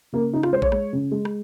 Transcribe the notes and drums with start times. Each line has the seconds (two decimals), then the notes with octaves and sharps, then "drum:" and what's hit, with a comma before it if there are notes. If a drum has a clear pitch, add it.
0.12 C#3 A#3
0.33 C#3 D#4
0.43 F4, drum: rim click
0.52 G#3 C5
0.62 C#5, drum: kick A#1
0.72 G#3, drum: rim click
0.93 C#3
1.11 G#3
1.25 drum: rim click